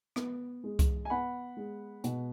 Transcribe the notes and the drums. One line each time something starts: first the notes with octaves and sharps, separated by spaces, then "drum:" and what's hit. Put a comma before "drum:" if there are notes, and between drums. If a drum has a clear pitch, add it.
B3, drum: rim click
G#3
drum: kick C2, hi-hat
G#5
B3 F#5 B5
G#3
B2, drum: hi-hat